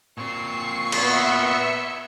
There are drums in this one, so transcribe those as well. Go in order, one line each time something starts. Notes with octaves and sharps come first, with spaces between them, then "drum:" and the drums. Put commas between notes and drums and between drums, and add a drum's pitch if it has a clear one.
A#2 C4 C#6 C7
drum: cymbal
B3 E5 E6 C#7